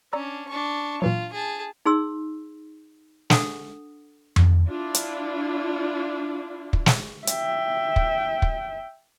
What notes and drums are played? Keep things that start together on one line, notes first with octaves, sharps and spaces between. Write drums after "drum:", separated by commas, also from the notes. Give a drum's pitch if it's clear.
C#4 D4 D5 A#5 E6
D4 C#6
A#2 E3 F#3 F4
G#4 A5
D#4 G#4 C6 E6
D4 A4 F#5 D#6, drum: snare
drum: tom F2
D4 E4 F4
drum: hi-hat
drum: kick
drum: snare
E5 G5, drum: hi-hat
drum: kick
drum: kick